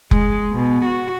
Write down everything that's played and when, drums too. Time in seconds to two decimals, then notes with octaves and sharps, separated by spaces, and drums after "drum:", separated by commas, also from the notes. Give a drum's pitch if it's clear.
0.11 G#3, drum: kick F1
0.52 B2
0.86 F#4